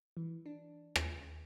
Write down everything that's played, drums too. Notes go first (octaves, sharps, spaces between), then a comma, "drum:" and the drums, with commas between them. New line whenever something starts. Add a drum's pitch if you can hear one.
E3
D4
D#2, drum: rim click